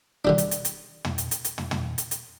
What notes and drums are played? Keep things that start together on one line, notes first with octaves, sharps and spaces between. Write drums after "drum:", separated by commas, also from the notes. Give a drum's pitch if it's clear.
D3 G3 D4
drum: hi-hat
drum: hi-hat
drum: hi-hat
drum: tom
drum: hi-hat
drum: hi-hat
drum: hi-hat
drum: tom
drum: tom
drum: hi-hat
drum: hi-hat